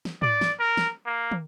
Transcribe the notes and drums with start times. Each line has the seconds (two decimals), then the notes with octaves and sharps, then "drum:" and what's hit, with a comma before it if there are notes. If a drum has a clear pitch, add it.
0.05 drum: snare
0.22 D5, drum: tom
0.41 drum: snare
0.59 A#4
0.77 drum: snare
1.06 A#3
1.32 drum: tom